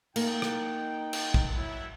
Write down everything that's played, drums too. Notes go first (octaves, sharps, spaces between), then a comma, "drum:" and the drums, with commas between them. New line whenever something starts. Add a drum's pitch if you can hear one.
A#3 D#4 G5, drum: cymbal
drum: rim click
drum: cymbal
drum: kick A#1
F#3 E4